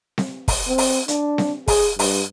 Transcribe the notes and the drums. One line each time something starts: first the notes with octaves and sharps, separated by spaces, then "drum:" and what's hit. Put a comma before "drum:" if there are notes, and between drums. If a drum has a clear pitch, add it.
drum: snare C4
drum: kick, open hi-hat
C4
drum: open hi-hat
D4, drum: hi-hat
drum: snare C4
G#4, drum: kick, open hi-hat
G2, drum: open hi-hat